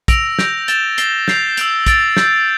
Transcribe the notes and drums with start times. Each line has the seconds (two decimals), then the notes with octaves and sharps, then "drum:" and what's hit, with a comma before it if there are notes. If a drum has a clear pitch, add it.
0.08 E6 A#6 D7 F7, drum: kick, hi-hat
0.39 G6 A#6 D7 F7, drum: snare
0.68 A6 E7 G7, drum: hi-hat
0.98 A6 C7 G7, drum: hi-hat
1.28 G6 C7 F7, drum: snare
1.57 E6 G6 D7 F7, drum: hi-hat
1.86 E6 A6 D7, drum: kick, hi-hat
2.17 E6 G6 C7, drum: snare